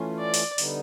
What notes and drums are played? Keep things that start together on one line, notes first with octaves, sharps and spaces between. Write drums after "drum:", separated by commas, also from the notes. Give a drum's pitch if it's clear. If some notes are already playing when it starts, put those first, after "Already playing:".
Already playing: E3 A3 C#4 F4
D5
drum: open hi-hat
D3 G3 B3 D#4, drum: open hi-hat